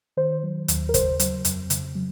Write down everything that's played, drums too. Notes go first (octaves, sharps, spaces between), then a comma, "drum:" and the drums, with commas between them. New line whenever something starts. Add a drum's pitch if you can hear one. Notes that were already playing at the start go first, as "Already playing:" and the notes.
D#3 C5
F#3
D#2, drum: hi-hat
A#4
C#3 C5, drum: kick, hi-hat
F#3, drum: hi-hat
F2, drum: hi-hat
C#3, drum: hi-hat
F#3